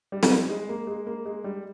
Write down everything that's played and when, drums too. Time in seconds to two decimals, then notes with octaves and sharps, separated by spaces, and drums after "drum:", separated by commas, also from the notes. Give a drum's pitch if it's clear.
0.12 G3
0.23 drum: snare
0.50 G#3
0.69 A#3
0.87 G#3
1.07 A#3
1.26 G#3
1.44 G3